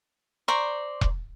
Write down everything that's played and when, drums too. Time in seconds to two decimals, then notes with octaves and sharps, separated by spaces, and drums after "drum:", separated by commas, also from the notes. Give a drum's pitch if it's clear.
0.48 C5 D5 A#5 C#6
1.01 drum: kick E1